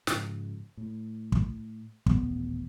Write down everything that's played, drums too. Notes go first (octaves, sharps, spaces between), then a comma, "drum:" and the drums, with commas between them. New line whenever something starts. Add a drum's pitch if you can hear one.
G#2 C#3 F3, drum: snare
A2
drum: kick
D#1 A1 D#2 B3, drum: kick